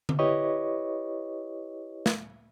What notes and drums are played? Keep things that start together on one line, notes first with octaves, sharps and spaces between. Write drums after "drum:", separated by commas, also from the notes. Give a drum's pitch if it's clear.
drum: tom D3
E4 G4 B4 C#5 D#5 C#6
drum: snare